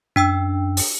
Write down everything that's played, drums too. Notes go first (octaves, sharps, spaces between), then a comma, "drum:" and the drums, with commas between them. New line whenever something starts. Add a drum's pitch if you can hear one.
F#2 D4 G5 E6
drum: open hi-hat